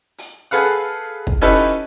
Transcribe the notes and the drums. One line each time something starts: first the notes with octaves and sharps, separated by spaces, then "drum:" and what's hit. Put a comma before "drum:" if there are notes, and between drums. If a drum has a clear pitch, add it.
drum: open hi-hat
G#4 A4 B4 F5 F#5
drum: kick
C#4 D#4 E4 G4 A4 B4